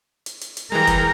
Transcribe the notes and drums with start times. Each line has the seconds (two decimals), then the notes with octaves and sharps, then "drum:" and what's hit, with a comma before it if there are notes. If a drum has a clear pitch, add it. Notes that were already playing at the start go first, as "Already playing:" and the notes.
0.26 drum: hi-hat
0.41 drum: hi-hat
0.57 drum: hi-hat
0.72 E3 G3 G#3 A#4 G5 A#5
0.87 drum: kick, hi-hat